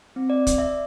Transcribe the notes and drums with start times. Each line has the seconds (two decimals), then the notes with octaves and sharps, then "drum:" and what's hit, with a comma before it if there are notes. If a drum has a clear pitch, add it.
0.16 C4
0.30 D5
0.47 D5, drum: kick, hi-hat
0.58 E5